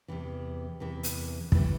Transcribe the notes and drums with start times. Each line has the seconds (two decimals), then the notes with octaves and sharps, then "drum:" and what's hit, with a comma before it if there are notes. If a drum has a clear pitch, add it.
0.08 E2 C3 E3
0.80 E2 C3 E3
1.03 drum: hi-hat
1.52 C3 E3 A3 E4, drum: kick